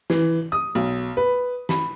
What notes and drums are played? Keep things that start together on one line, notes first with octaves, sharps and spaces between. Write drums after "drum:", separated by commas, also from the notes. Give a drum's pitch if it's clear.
E3, drum: snare
D#6
B1
B4
B5, drum: snare